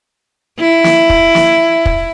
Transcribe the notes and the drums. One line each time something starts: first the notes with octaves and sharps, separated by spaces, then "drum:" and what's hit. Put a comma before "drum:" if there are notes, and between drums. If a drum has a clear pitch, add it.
E4
drum: snare
drum: kick
drum: snare
drum: kick